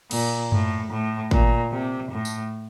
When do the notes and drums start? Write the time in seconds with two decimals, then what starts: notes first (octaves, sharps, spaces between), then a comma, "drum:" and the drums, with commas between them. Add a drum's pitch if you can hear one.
0.11 A#2, drum: cymbal
0.52 A2, drum: tom F#2
0.91 A2
1.31 A#2, drum: kick G#1
1.71 C3
2.11 A2
2.25 drum: tambourine